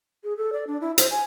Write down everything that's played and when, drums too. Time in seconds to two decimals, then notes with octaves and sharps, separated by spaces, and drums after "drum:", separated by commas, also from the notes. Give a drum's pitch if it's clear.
0.24 G#4
0.37 A4
0.53 D5
0.67 D4
0.81 E4
0.98 C5, drum: hi-hat
1.11 G#5